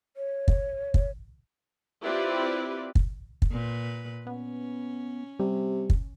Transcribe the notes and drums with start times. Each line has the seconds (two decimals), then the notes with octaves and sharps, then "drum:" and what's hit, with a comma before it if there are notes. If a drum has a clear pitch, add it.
0.17 C#5
0.48 drum: kick
0.94 drum: kick
2.04 C4 E4 F4 G4 B4 D5
2.95 drum: kick
3.42 drum: kick
3.51 A#2 B4
4.27 B3 C#4
5.40 C3 G3
5.90 drum: kick